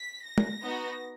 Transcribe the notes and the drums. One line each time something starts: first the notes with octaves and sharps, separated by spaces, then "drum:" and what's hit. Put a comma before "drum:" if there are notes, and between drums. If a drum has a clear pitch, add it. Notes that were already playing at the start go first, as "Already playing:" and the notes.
Already playing: B6
A#6
drum: tom G#3
B3 D#4 F#4